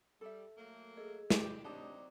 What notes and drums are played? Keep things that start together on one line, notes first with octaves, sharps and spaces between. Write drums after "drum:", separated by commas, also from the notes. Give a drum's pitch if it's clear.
G3 A4 E5
F#3 A3 A#3
G#4 A4 D#5
G4, drum: snare
F#3 C4 D4 D#4 G4 D5 A5 D6